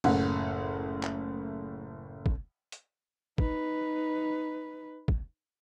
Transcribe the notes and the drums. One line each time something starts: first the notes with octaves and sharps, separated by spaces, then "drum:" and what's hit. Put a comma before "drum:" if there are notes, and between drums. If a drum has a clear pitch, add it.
F#1 A2 F#5, drum: cymbal
drum: clap
drum: kick
drum: hi-hat
D#4 B4, drum: kick
drum: kick